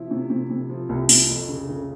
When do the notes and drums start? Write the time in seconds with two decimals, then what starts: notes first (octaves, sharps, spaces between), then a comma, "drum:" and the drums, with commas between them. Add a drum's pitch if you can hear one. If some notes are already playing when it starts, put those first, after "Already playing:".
Already playing: C3 F3 E4
0.11 C3
0.30 C3
0.50 C3
0.69 F3
0.89 C2
1.09 C3, drum: open hi-hat
1.29 F2
1.48 C#3
1.68 C#3